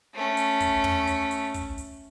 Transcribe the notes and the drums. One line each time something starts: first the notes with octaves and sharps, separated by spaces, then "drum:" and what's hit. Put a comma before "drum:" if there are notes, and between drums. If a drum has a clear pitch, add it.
A3 C#4
drum: hi-hat
drum: kick, hi-hat
drum: tom
drum: hi-hat
drum: hi-hat
drum: kick, hi-hat
drum: hi-hat